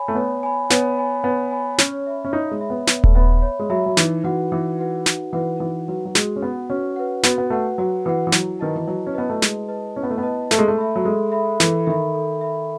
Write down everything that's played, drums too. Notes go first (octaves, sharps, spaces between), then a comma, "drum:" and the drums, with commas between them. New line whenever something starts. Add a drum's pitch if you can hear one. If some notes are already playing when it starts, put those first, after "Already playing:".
Already playing: C#5 G#5 B5
A3
B3 C#5
G#5 B5
B3 C#5, drum: snare
G#5 B5
B3 C#5
G#5 B5
C#4 C#5, drum: snare
E5 B5
C#4
D#4 C#5
G#3
E5 B5
B3
B3 C#5, drum: snare
A3, drum: kick D#1
B3 E5 B5
C#5
G#3
F#3 E5 B5
F#3
E3 D#4, drum: snare
E3 F#4 B4 F#5
E3 D#4
F#4 B4 F#5
D#4, drum: snare
E3 F#4 B4 F#5
E3 D#4
F#3 F#4 B4 F#5
F#3
G#3 F#4, drum: snare
C#4
B3 B4 F#5
C#4 F#4
B4 F#5
B3 F#4, drum: snare
B3
A3 B4 F#5
F#3 F#4
E3 B4 F#5
E3
F#3 E4, drum: snare
D#3 B4 D#5 A5
E3
F#3 E4
C#4
B3 B4 D#5 A5
A3
G#3 E4, drum: snare
B4 D#5 A5
C#4 E4
B3
A3
B3
B4 D#5 A5
A3 A4, drum: snare
G#3
A3
E5 B5
F#3
G#3 A4
E5 B5
E3 A4, drum: snare
D#3 E5 B5
A4
E5 B5